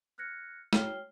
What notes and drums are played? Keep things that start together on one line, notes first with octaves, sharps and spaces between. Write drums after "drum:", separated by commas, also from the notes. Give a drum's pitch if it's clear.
F6 F#6 G#6 A#6 C#7
F#4 C#5 G5 F6 C7 G7, drum: snare